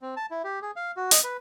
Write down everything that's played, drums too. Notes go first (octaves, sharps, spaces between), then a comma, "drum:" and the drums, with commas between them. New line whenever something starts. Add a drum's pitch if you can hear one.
C4
A5
E4
G4
G#4
F5
F#4
D#5, drum: hi-hat
B4